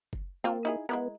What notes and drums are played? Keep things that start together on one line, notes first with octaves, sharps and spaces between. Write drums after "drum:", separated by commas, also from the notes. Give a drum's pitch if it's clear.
drum: kick F#1
A#3 C4 F4
D#4 E4 G#4
G#3 B3 E4 A#4